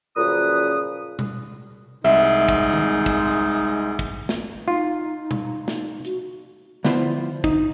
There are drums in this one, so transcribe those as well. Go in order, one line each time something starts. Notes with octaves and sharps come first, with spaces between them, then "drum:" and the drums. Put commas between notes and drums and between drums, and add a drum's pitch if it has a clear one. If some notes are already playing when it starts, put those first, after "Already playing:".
F#2 A#2 C#3 F3 B4 D#6
drum: tom B2
C2 G#3 D#4 E5
drum: kick
drum: tom D#3
drum: kick
drum: kick
drum: snare
D#4 F4
drum: tom B2
drum: snare
F#4, drum: hi-hat
D3 F3 B3 E4 F4 C5, drum: snare
D#4, drum: kick